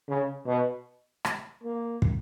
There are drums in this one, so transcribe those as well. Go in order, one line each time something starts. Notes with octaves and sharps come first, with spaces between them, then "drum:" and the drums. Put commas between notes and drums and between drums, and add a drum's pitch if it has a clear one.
C#3
B2
drum: rim click
A#3
drum: kick